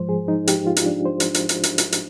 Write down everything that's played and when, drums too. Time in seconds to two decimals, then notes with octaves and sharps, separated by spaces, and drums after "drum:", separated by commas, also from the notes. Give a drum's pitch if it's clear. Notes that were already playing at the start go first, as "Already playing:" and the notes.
Already playing: G#2 F3 G#3 C5
0.09 G#4
0.28 D#4
0.47 G4, drum: hi-hat
0.67 F4
0.76 drum: hi-hat
0.86 D4
1.05 C5
1.20 drum: hi-hat
1.34 drum: hi-hat
1.49 drum: hi-hat
1.63 drum: hi-hat
1.78 drum: hi-hat
1.92 drum: hi-hat